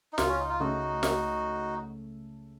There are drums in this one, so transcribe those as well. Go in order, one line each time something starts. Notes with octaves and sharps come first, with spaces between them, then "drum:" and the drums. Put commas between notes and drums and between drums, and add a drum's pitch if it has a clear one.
D#4
C#2 F4, drum: snare
C#4
D#4
F4
C#3 A3 C#4 D#4 F#4 A4
C#2, drum: snare